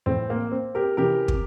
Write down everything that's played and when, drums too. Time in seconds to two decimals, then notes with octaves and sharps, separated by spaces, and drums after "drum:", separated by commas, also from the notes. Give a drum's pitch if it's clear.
0.06 A2 E3 C4
0.30 A#3
0.52 C4
0.75 G4 A#4
0.97 C3 E3 G4 A#4
1.28 drum: kick